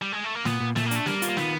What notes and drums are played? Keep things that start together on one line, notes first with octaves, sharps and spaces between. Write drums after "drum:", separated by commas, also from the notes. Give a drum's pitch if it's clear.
G3
G#3
A3
A#3
A#2 B3, drum: snare
A#2
A#2 A3, drum: snare
A#3
A3 D4, drum: hi-hat
G3 A#3, drum: snare
F4, drum: hi-hat
A#3
D#3 B3, drum: snare